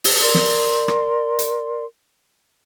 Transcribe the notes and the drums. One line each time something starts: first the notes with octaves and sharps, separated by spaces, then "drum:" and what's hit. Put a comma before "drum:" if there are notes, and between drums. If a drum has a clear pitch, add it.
drum: open hi-hat
A#4 D5 C6
drum: snare
drum: rim click
drum: hi-hat